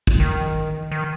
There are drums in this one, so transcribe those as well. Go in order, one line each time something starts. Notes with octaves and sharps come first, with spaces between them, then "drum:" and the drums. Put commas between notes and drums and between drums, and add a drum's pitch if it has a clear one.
drum: kick
D#3
D#3